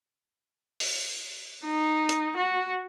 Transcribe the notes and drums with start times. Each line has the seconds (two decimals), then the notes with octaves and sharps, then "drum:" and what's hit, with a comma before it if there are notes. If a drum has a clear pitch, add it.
0.80 drum: open hi-hat
1.65 D#4
2.09 drum: hi-hat
2.36 F#4